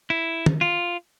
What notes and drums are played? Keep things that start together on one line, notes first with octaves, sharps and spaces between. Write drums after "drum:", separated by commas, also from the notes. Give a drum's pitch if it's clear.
E4
drum: tom D#3
F4